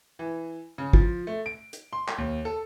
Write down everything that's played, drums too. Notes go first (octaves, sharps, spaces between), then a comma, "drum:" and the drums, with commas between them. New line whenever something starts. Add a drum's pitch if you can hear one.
E3
C#3
F3, drum: kick
A3
D7
drum: hi-hat
C6
drum: clap
D#2
A4